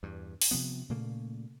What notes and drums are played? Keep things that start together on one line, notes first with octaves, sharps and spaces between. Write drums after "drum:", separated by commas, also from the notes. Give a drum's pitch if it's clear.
E2 G2
drum: open hi-hat
C3 F3 B3
A#2 C#3 A3 A#3